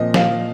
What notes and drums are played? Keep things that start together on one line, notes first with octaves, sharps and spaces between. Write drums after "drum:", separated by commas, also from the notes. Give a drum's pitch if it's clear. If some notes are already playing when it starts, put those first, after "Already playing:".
Already playing: A#2 F3 C4 D#5
F5, drum: snare